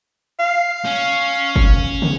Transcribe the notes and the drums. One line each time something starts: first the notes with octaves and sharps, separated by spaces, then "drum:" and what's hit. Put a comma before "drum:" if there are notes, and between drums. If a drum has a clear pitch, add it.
F5
C#4
drum: kick G1
drum: tom